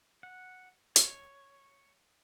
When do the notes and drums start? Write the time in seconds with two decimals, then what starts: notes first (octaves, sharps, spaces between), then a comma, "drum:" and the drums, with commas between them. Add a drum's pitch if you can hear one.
0.23 F#5
0.96 C#5, drum: hi-hat